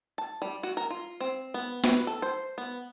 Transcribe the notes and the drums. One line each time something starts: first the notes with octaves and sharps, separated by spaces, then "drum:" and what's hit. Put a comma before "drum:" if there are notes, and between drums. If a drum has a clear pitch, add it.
A5
G3
F#4, drum: tambourine
A#4
F4
C4
B3
B4, drum: snare
A4
C5
B3